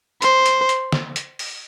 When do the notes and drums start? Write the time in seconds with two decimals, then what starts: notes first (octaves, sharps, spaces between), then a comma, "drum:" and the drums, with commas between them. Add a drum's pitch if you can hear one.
0.22 C5, drum: hi-hat
0.46 drum: hi-hat
0.69 drum: hi-hat
0.92 drum: snare
1.16 drum: hi-hat
1.39 drum: open hi-hat